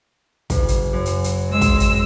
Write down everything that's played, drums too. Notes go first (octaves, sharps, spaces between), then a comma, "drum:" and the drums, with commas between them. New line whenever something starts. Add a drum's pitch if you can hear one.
F#1, drum: kick, hi-hat
drum: hi-hat
F#2
drum: hi-hat
drum: hi-hat
G#3 E6
drum: kick, hi-hat
drum: hi-hat